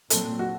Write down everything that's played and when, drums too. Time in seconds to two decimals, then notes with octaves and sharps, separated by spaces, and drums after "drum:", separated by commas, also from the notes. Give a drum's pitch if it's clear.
0.10 A#2 F#3 C4 A4, drum: hi-hat
0.39 F#4